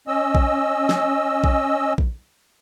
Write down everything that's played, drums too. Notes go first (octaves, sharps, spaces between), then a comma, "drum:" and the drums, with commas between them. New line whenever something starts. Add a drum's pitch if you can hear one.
C#4 D#5 E6
drum: kick A#1
drum: snare
drum: kick A#1
drum: kick A#1